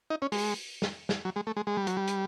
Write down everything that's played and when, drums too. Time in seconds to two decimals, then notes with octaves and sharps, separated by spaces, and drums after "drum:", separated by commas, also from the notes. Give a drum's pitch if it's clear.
0.10 D#4
0.22 C#4
0.32 G#3, drum: open hi-hat
0.82 drum: snare
1.09 drum: snare
1.25 F#3
1.36 G#3
1.47 A3
1.57 G#3
1.67 G#3
1.77 G3
1.87 F#3, drum: hi-hat
1.97 G3
2.07 drum: hi-hat